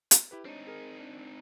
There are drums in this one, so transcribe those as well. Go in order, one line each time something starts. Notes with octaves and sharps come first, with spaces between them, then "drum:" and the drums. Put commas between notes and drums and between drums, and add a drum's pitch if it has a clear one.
drum: hi-hat
E4 G4 B4
C4 D4 D#4 C#5
G#4 A#4
D4